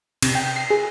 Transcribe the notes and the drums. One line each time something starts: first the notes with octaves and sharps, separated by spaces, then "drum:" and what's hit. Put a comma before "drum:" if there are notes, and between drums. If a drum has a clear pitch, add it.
C3, drum: cymbal
G5
C7
G#4